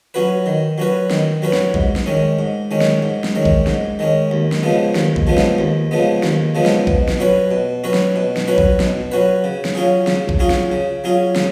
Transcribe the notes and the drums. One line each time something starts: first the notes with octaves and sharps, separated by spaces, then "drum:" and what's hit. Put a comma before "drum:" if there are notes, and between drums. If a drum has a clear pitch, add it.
F#3 C#4 F#4 B4
D#3
F#3 C#4 F#4 B4
D#3, drum: snare
F#3 C#4 F#4 B4
drum: snare
G#2, drum: kick B1
drum: snare
D#3 G#3 C#4
G#2
D#3 G#3 C#4
drum: snare
G#2
drum: snare
D#3 G#3 C#4
drum: kick B1
G#2, drum: snare
D#3 G#3 C#4
D#2
drum: snare
C#3 F3 G#3 B3
D#2, drum: snare
drum: kick B1
C#3 F3 G#3 B3
drum: snare
D#2
C#3 F3 G#3 B3
D#2, drum: snare
C#3 F3 G#3 B3
drum: snare
B2, drum: kick B1
drum: snare
F#3 C#4 F#4 B4
B2
F#3 C#4 F#4 B4
drum: snare
B2
drum: snare
F#3 C#4 F#4 B4
drum: kick B1
B2, drum: snare
F#3 C#4 F#4 B4
C#3
drum: snare
F#3 C#4 F4 G#4
C#3, drum: snare
drum: kick B1
F#3 C#4 F4 G#4
drum: snare
C#3
F#3 C#4 F4 G#4
C#3, drum: snare